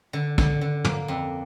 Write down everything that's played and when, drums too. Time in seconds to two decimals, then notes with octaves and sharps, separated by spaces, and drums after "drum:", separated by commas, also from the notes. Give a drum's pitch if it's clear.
0.13 D3
0.38 D3, drum: kick
0.61 D3
0.85 A#3, drum: tom
1.08 F2